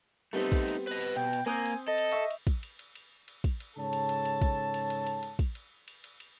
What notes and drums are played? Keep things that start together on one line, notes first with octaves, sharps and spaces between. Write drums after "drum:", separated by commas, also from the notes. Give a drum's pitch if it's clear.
G3 A3 B3 C4 D#4
drum: kick, cymbal
drum: cymbal
B4 D#5, drum: cymbal
drum: cymbal
B2 G5, drum: cymbal
drum: cymbal
A#3 C4 G#5 D#6 G6
drum: cymbal
A4 D#5
drum: cymbal
E5 C#6, drum: cymbal
drum: cymbal
drum: kick, cymbal
drum: cymbal
drum: cymbal
drum: cymbal
drum: cymbal
drum: kick, cymbal
drum: cymbal
G#2 C#3 A4 C#5 A5
drum: cymbal
drum: cymbal
drum: cymbal
drum: kick, cymbal
drum: cymbal
drum: cymbal
drum: cymbal
drum: cymbal
drum: kick, cymbal
drum: cymbal
drum: cymbal
drum: cymbal
drum: cymbal